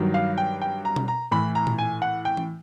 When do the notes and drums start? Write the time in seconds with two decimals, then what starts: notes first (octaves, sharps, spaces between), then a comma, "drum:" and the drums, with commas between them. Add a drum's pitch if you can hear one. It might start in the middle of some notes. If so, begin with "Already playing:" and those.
Already playing: G2 D#3 F#3
0.14 F5
0.38 G5
0.61 G5
0.85 A#5
0.96 drum: tom B2
1.08 A#5
1.31 A2 E3 B5
1.55 A#5
1.67 drum: tom A#2
1.78 G#5
2.02 F#5
2.25 G5
2.37 drum: tom E3